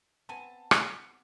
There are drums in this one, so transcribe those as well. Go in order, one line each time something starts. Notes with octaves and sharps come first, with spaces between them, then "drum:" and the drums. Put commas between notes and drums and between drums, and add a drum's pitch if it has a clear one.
B3 C4 G#5 A5
drum: rim click